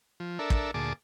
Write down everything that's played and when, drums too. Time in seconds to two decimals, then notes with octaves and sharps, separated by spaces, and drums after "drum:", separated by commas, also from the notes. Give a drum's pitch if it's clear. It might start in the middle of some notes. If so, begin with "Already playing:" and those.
0.20 F3
0.39 D4 A4 A#4 E5
0.50 drum: kick
0.74 D2 A#2 G#4 A5 D6